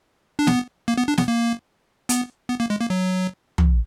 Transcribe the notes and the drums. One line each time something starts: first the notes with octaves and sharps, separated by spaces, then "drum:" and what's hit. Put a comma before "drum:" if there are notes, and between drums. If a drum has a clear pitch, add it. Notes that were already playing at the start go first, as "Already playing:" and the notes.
D4
B3, drum: snare
A#3
B3
D4
B3, drum: snare
A#3
B3, drum: hi-hat
B3
A#3
G#3
A#3
F#3
drum: tom